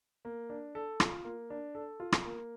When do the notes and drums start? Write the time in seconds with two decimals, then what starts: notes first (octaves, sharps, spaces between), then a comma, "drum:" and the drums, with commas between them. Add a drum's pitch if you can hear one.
0.25 A#3
0.50 D4
0.75 A4
1.00 F4, drum: rim click
1.25 A#3
1.50 D4
1.75 A4
2.00 F4
2.12 drum: rim click
2.25 A#3